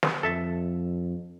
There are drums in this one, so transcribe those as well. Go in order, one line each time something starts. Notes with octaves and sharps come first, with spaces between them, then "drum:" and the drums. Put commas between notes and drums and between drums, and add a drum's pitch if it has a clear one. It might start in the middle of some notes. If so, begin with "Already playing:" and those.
drum: snare
F2 A4 E5 A5